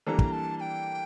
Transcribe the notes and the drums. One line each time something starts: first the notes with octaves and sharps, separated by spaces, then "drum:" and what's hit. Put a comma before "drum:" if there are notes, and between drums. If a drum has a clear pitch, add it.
E3 G3 A#3 D4 A4 A#5
drum: kick
A5
A5
G5